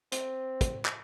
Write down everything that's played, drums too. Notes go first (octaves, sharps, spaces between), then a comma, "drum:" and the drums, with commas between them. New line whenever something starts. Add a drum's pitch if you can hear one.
C4, drum: hi-hat
drum: kick, hi-hat
drum: clap